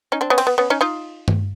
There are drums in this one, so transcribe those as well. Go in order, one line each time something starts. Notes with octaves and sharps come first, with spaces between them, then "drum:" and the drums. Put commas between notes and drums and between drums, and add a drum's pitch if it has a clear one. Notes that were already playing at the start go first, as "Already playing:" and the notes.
C#4 D#4
C4 D4
B3 C#4
C4, drum: cymbal
B3
B3 C#4
C#4 D#4
D#4 F4
drum: tom G2